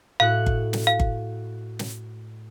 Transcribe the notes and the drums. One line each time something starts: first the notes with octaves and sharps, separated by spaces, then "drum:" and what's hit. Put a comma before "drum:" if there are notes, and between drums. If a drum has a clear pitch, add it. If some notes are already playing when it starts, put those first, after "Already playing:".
A2 F#4 F5 F#6
drum: kick G1
drum: snare
F5
drum: kick G1
drum: snare